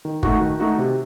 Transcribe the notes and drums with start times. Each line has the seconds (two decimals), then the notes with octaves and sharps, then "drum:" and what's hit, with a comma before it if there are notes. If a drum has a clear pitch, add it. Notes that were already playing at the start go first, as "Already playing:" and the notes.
0.05 D#3
0.23 A3 D#4 F#4, drum: kick G1
0.41 D#3
0.60 A3 D#4 F#4
0.79 C3